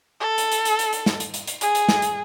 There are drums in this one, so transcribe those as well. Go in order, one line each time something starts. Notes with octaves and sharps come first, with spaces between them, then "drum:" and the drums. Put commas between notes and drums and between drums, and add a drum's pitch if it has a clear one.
A4
drum: hi-hat
drum: hi-hat
drum: hi-hat
drum: hi-hat
drum: hi-hat
drum: snare
drum: hi-hat
drum: hi-hat
drum: hi-hat
G#4, drum: hi-hat
drum: hi-hat
drum: snare
drum: hi-hat